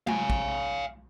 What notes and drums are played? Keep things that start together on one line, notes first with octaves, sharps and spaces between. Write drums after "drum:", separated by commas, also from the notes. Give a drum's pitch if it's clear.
F5 G#5, drum: tom G#3
drum: kick